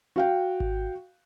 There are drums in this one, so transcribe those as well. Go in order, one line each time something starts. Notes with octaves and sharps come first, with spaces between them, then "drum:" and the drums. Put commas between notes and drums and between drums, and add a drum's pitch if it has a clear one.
F#4 F5 G5
drum: kick G#1